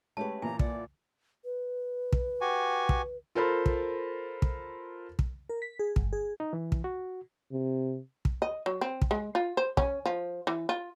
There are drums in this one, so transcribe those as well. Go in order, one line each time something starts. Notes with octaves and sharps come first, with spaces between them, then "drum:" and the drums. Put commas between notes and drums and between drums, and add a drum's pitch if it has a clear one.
G#3 A3 C#4 G4 B4 A5
A#2 E3 G#5 A#5
D5 F#5, drum: kick
B4
drum: kick
F#4 G4 G#5
drum: kick
F4 A4 A#4 C5 B5
drum: kick
drum: kick
drum: kick
A#4
B6
G#4
G1, drum: kick
G#4
D#4
E3
drum: kick
F#4
C3
drum: kick
D#5
F#3
C4
drum: kick
G#3
F4
C5
C#4, drum: kick
F3
E3
F4